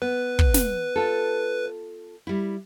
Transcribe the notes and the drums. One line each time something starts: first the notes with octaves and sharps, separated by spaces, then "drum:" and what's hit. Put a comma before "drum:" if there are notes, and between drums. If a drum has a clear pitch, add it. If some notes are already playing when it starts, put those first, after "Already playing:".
B3 B4
drum: kick
drum: snare
F4 A4
G3 E4